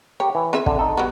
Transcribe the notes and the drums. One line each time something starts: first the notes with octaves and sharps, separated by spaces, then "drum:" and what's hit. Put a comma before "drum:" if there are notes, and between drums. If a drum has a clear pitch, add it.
G4 A#4 C#5
E3
C4 G#4 E5
D3, drum: kick
D#4 A4
F#3 G3 B3